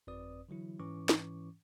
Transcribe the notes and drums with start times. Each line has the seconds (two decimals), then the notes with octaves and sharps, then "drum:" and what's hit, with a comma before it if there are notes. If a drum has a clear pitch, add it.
0.07 G1 F2 C4 B4 D5 D#6
0.49 D3 E3 F#3 E4
0.80 G#2 E3 C#4 C#6 D6
1.09 drum: snare